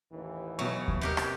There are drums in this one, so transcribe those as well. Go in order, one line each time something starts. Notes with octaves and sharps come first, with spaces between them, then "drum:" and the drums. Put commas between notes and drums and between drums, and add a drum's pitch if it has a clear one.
A1 D#2 E3
B2 F#3 E5 C#6
drum: kick D#2
C3 G4 A#4
drum: rim click